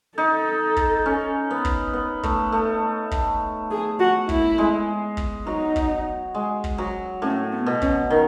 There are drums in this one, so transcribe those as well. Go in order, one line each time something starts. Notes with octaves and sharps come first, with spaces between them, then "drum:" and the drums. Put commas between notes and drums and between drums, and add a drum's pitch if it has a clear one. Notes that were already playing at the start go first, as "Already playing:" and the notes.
D#4 A4
drum: kick
C#4
B3
drum: kick
B3
A3, drum: kick
A3
drum: kick
G#4
F#4
E4, drum: kick
G#3
drum: kick
F#3 D#4
drum: kick
G#3
drum: kick
F#3
A2 C#4
B3
B2
C#4, drum: kick
D#3